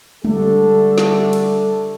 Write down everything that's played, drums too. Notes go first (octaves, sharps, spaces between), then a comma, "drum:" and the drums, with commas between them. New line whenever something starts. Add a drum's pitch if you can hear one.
D3 G3 A3 D4 A4, drum: tom
drum: snare
drum: cymbal